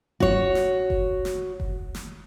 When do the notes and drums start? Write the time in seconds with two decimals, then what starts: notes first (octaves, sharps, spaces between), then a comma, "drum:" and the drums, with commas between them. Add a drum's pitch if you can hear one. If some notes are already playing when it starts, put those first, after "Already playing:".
0.20 F#4 C#5, drum: kick F#1
0.55 drum: snare
0.90 drum: kick F#1
1.25 drum: snare
1.60 drum: kick F#1
1.95 drum: snare